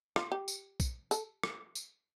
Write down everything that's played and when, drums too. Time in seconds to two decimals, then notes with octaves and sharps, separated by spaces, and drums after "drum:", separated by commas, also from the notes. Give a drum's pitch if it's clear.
0.16 F4, drum: rim click
0.32 G4
0.48 drum: tambourine
0.80 drum: kick, tambourine
1.11 A4, drum: tambourine
1.43 drum: rim click
1.75 drum: tambourine